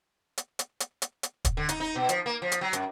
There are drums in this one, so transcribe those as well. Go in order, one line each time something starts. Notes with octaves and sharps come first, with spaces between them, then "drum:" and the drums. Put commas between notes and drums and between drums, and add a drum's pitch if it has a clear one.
drum: hi-hat
drum: hi-hat
drum: hi-hat
drum: hi-hat
drum: hi-hat
drum: kick, hi-hat
D3
D#4, drum: hi-hat
D#4
B2
F3, drum: hi-hat
A#3
F3
drum: hi-hat
F#3
F#2, drum: hi-hat